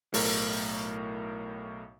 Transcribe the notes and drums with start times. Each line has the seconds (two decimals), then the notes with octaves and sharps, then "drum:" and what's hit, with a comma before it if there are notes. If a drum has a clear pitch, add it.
0.14 B1 A2 A3 A#4, drum: open hi-hat